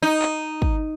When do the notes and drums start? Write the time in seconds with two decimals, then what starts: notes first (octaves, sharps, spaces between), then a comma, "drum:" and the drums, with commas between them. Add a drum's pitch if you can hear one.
0.03 D#4
0.22 drum: clap
0.62 drum: kick